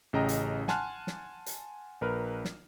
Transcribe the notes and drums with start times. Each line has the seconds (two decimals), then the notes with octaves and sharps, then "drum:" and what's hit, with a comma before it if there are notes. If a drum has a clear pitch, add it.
0.13 A1 C#3 D#5 G5 A#5
0.29 drum: hi-hat
0.68 F#5 G#5 A5 C6 F6 F#6, drum: snare
1.07 drum: snare
1.46 drum: hi-hat
2.01 A#1 A#4 B4 F6
2.45 drum: snare